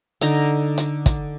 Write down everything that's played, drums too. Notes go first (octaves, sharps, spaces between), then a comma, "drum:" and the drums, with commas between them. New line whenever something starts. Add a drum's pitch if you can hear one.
D3 D#4 A#5, drum: hi-hat
drum: hi-hat
drum: kick, hi-hat